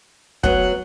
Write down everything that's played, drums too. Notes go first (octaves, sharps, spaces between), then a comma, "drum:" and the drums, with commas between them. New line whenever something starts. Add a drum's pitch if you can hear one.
F#3 B3 F#5, drum: kick